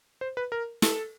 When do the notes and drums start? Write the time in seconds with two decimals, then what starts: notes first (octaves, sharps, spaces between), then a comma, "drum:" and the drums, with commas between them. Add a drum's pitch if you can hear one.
0.21 C5
0.37 B4
0.52 A#4
0.82 A4, drum: snare